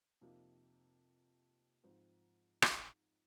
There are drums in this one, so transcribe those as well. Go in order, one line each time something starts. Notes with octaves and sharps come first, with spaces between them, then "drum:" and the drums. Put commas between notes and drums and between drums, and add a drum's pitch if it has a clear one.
F2 C3 F3 A#3 D#4
G#2 F3 C4
drum: rim click